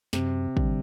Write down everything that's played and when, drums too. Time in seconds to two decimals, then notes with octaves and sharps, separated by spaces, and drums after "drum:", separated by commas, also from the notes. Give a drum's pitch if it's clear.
0.13 F#2 C3, drum: snare
0.57 D3 G3, drum: kick